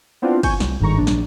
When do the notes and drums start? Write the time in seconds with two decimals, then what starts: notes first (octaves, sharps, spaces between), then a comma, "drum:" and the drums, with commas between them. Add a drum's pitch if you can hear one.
0.22 B3 C4 D4 E4 F4
0.43 G#5 C#6 G6, drum: kick, cymbal
0.60 C2, drum: snare
0.80 G1 G#2 D#3 A#5 C#6
0.98 A#1 D4
1.07 drum: snare